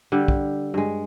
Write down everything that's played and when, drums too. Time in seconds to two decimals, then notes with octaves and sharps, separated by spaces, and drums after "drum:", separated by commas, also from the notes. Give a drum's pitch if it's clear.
0.12 D3 G3 G4
0.28 drum: kick
0.74 G2 G#3